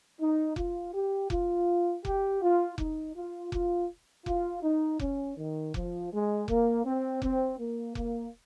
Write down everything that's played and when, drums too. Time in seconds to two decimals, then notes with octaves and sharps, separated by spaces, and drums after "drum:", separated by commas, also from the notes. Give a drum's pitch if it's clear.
0.20 D#4
0.56 F4, drum: kick F1
0.93 G4
1.30 F4, drum: kick F1
2.05 G4, drum: kick F1
2.41 F4
2.78 D#4, drum: kick F1
3.15 F4
3.52 F4, drum: kick F1
4.26 F4, drum: kick F1
4.62 D#4
4.99 C#4, drum: kick F1
5.37 D#3
5.74 F3, drum: kick F1
6.11 G#3
6.48 A#3, drum: kick F1
6.85 C4
7.22 C4, drum: kick F1
7.58 A#3
7.95 A#3, drum: kick F1